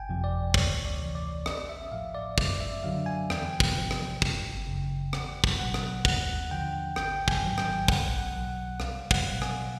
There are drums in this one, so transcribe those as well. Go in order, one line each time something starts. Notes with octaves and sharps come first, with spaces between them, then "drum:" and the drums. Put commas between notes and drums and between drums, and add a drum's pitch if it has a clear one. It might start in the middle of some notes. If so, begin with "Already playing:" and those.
Already playing: G1 G5 G#5
F2 C3 F3
D5
D2 C#5, drum: kick
D5
C3 E3
D5
A1 D#5, drum: rim click
E5
A2 F3 F5
D5
F#2 D5, drum: kick
E5
D3 F#3 F5
G#5
E2 G5, drum: rim click
drum: kick
C3 F3
drum: rim click
G1, drum: kick
F#2 C#3
E2 F#5, drum: rim click
drum: kick
B2 F#3 F#5
drum: rim click
D#2 F#5, drum: kick
D3 F3 G5
G#1 G5, drum: rim click
G#5, drum: kick
G#2 D#3 F#3
G5, drum: rim click
B1 F#5, drum: kick
F#5
B2 F#3
F#5
C2 F5, drum: rim click
F#5, drum: kick
B2 F#3
G#5, drum: rim click